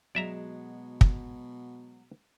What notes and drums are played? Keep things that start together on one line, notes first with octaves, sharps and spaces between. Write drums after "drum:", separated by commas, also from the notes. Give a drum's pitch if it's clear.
B2 F#3 G#3 D5 E5 A#5
drum: kick